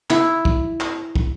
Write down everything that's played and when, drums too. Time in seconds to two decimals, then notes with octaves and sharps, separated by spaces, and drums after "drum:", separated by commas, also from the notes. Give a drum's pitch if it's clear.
0.10 E4, drum: clap
0.45 drum: kick
0.80 drum: clap
1.16 drum: kick